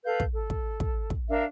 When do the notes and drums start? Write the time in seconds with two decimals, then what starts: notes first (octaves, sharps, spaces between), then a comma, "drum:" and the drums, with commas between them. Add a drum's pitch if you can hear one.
0.05 A4 B4 F5 G6
0.20 drum: kick
0.33 A4
0.50 drum: kick
0.80 drum: kick
1.10 drum: kick
1.29 D4 A#4 E5 F5